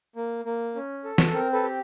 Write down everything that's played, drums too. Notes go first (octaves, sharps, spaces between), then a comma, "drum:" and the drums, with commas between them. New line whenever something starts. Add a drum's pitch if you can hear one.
A#3
A#3
C#4
A4
drum: snare
C4 A#4
A4 B4
G4